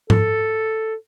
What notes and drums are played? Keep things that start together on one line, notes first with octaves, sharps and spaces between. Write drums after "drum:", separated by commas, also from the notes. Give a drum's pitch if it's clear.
A4, drum: tom G#2